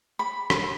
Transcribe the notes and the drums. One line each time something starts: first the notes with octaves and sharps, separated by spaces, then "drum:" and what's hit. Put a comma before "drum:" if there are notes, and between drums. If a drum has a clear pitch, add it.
B5
drum: rim click